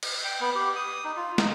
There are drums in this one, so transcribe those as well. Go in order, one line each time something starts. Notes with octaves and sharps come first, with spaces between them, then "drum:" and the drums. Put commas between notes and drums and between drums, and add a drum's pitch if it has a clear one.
drum: cymbal
G5
B3
G4
D#6
D#4
F4
D#4, drum: snare